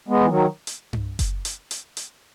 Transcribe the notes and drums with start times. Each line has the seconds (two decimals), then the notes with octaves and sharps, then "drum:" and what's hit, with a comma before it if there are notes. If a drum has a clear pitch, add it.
0.08 G#3 B3
0.20 E3
0.28 D#3 F#3
0.67 drum: hi-hat
0.93 drum: tom G2
1.19 drum: kick F#1, hi-hat
1.45 drum: hi-hat
1.71 drum: hi-hat
1.97 drum: hi-hat